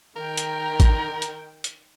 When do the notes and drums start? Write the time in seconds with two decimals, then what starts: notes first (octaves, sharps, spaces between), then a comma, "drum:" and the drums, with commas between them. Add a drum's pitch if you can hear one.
0.16 D#3 A#4 G5 A#5
0.37 drum: hi-hat
0.80 drum: kick, hi-hat
1.22 drum: hi-hat
1.64 drum: hi-hat